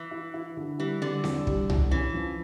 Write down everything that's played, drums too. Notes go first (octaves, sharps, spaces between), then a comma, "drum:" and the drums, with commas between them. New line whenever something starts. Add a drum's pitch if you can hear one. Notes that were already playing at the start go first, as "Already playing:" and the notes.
Already playing: E3
E4
E4
D3
E3 G3
D3 G3
E2, drum: snare C4
G3, drum: kick
E2, drum: tom C2
E3 C#4
F3